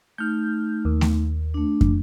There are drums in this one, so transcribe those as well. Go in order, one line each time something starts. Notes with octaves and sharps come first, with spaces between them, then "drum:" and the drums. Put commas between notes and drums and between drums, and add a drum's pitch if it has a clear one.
A3 D#4 F6 G6
D#2
drum: snare A3
A3 D4
drum: kick